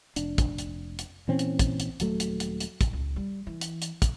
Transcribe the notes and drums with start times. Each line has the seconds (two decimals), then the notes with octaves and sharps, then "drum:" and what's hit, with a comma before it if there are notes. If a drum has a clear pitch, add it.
0.16 F1 D4, drum: hi-hat
0.38 drum: kick, hi-hat
0.58 drum: hi-hat
0.99 drum: hi-hat
1.28 A#2 E3 C4 C#4
1.39 drum: hi-hat
1.59 drum: kick, hi-hat
1.80 drum: hi-hat
2.00 D#1 F#3 A3, drum: hi-hat
2.20 drum: hi-hat
2.40 drum: hi-hat
2.60 drum: hi-hat
2.81 drum: kick, hi-hat
2.93 C#2
3.16 G3
3.47 E3
3.61 drum: hi-hat
3.82 drum: hi-hat
4.02 drum: kick, hi-hat